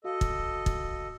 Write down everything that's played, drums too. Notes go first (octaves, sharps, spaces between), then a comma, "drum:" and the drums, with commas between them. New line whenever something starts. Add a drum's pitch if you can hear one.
F#4 A4 D#5 F5
drum: kick
drum: kick